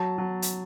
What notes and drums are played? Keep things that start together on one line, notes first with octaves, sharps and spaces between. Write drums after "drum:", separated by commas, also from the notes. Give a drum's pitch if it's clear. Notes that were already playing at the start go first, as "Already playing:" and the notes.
Already playing: F#3 A5
F#3
drum: hi-hat